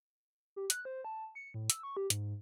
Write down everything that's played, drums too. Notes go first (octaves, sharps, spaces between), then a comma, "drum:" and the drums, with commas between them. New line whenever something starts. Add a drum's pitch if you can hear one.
G4
F#6, drum: hi-hat
C5
A5
C#7
A2
E6, drum: hi-hat
C#6
G4
G#2, drum: hi-hat